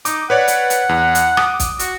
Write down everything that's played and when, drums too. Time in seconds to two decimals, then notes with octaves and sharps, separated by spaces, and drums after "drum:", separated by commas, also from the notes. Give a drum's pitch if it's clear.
0.05 D#4 D6, drum: hi-hat
0.30 B4 C#5 D5 F#5
0.48 drum: hi-hat
0.70 drum: hi-hat
0.89 E2
1.15 drum: hi-hat
1.37 D6 D#6, drum: rim click
1.60 drum: kick, hi-hat
1.79 F#4, drum: hi-hat